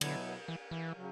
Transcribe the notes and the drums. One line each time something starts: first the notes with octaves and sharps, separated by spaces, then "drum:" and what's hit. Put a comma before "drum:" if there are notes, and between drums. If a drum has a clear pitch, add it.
B2 D3 F#3 B3 E4, drum: cymbal
E3
E3
C#3 F#3